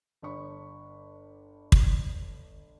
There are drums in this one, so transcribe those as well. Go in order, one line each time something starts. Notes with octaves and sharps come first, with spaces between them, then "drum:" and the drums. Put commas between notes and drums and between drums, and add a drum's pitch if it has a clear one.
G1 D4 C#5 B5 C#6
drum: kick